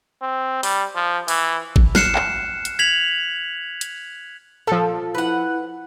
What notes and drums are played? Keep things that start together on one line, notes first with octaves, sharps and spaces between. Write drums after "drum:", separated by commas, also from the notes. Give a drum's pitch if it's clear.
C4
G3, drum: open hi-hat
F3
E3, drum: open hi-hat
drum: kick G#1
F6 F#6 C7 C#7 E7, drum: snare
drum: clap
drum: hi-hat
G#6 B6 F7 F#7
drum: hi-hat
A#2 F3 A4
E4 B4 F#5